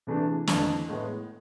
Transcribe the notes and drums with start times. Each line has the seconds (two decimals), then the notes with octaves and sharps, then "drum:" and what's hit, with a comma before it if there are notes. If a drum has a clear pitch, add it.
0.07 C3 E3 A3 D4 G#4
0.47 F2 E3 A3 D4, drum: snare
0.89 A2 G#3 B3